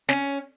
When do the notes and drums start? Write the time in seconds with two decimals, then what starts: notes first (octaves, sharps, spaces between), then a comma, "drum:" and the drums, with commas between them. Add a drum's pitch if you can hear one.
0.09 C#4, drum: snare